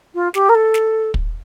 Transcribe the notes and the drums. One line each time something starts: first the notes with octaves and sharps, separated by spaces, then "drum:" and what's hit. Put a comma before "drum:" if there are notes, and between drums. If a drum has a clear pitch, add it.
F4
G4, drum: snare
A#4
A4
drum: snare
drum: kick